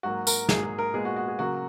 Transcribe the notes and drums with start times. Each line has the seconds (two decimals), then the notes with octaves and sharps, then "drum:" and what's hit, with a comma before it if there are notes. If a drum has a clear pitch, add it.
0.03 G#2 F#3 A#3 F#4
0.27 A#4, drum: tambourine
0.49 G#2 F#3 A#3 G#4, drum: snare
0.63 G#4
0.79 A#4
0.94 A#2 G#3 B3 G#4
1.05 F#4
1.16 F#4
1.28 G#4
1.39 C#3 F#3 A#3 F#4